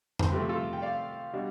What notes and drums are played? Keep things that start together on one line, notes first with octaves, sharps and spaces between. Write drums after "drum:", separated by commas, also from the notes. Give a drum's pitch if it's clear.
C5, drum: tom F2
C3 F3 A3 C4 G4 B4
F4 A4
G5
D5 F5
B2 G3 D4